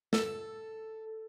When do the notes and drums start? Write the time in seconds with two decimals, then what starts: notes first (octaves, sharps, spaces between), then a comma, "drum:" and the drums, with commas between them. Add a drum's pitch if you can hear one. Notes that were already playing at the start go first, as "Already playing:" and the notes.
0.13 A4, drum: snare